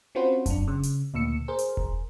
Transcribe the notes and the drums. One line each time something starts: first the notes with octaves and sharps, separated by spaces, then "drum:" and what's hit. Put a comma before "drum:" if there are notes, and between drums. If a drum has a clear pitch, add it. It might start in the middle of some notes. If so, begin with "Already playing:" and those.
C4 C#4 F4 F#4 B4 C5
F#2 D4, drum: kick E1, hi-hat
C#3
drum: hi-hat
D2 A#2 E6 C#7
G#4 A#4 C5
drum: hi-hat
drum: kick E1